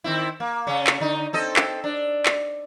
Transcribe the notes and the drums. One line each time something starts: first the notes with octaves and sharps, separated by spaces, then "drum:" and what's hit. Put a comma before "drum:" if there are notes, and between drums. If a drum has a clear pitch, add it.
D#3 C4 E4
A#3
C#3 C#4
drum: clap
D3 D#4
C4 A4 D#5
drum: clap
D4
drum: clap